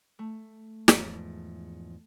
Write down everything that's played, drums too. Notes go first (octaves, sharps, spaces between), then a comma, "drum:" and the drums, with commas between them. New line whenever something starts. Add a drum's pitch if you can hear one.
A3
E2 G#2 F3, drum: snare